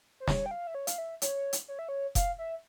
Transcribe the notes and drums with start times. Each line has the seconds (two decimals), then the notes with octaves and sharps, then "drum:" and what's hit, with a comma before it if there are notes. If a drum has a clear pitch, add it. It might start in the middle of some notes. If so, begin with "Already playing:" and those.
0.20 C5
0.28 C#5, drum: snare
0.46 G5
0.51 F5
0.67 E5
0.75 C#5
0.87 F5, drum: hi-hat
0.98 E5
1.22 C#5, drum: hi-hat
1.53 drum: hi-hat
1.68 C#5
1.79 E5
1.89 C#5
2.15 F5, drum: kick F1, hi-hat
2.38 E5